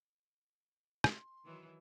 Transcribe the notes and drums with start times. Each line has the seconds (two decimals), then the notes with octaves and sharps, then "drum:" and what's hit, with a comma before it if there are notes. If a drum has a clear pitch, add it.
1.04 C6, drum: rim click
1.44 D#3 E3 F#3